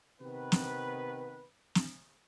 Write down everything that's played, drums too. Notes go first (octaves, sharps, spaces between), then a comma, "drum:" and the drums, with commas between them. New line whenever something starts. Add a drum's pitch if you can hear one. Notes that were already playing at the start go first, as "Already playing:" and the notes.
C3 D#3 B3 B4
drum: snare
drum: snare